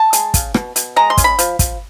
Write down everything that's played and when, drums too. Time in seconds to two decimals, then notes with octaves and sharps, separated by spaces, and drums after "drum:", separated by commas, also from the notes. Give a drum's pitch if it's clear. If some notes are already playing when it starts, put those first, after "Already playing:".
Already playing: A5
0.13 G#3, drum: hi-hat
0.34 C#3, drum: kick, hi-hat
0.54 B2, drum: rim click
0.76 B2, drum: hi-hat
0.96 G#3 A#5
1.10 C6
1.17 C#4, drum: kick, hi-hat
1.24 B5
1.39 F3, drum: hi-hat
1.59 F3, drum: kick, hi-hat